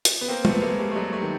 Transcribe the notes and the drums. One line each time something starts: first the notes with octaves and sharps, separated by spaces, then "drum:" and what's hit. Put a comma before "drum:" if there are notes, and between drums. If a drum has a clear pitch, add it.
drum: hi-hat
B3
A#3 C4
A3 B3, drum: tom
G#3 A#3
G3 A3
A3
F#3 G#3
G3 A3
D#3